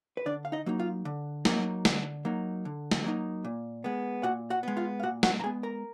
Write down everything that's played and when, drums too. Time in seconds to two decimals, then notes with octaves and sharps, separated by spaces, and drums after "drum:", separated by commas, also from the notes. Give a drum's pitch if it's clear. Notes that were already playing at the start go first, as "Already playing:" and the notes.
0.17 B4
0.26 D3 D4 D5
0.45 F5
0.52 D#4 D#5
0.66 F#3 A#3 D#4
0.79 F4 F5
1.05 D3
1.45 F#3 A#3 D#4, drum: snare
1.85 D3, drum: snare
2.25 F#3 A#3 D#4
2.65 D3
2.91 drum: snare
3.04 F#3 A#3 D#4
3.44 A#2
3.84 G#3 B3
4.23 A#2 F#4 F#5
4.50 F#4 F#5
4.63 G#3 B3
4.77 F4 F5
5.00 F5
5.03 A#2 F#4 F#5
5.23 F#4 F#5, drum: snare
5.40 A#5
5.43 G#3 B3 G#4 G#5
5.63 A#4 A#5